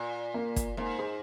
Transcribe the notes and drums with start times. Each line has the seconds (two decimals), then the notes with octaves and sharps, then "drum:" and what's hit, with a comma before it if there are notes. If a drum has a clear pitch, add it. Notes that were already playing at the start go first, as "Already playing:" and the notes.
Already playing: A#2
0.34 A#3
0.56 drum: kick, hi-hat
0.77 G#2 A#3
0.99 G#4 C5